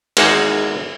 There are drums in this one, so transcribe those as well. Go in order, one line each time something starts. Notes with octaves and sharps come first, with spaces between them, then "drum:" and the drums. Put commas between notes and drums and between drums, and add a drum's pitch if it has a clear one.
G#1 E2 G#3 A#3 C5 F#5, drum: cymbal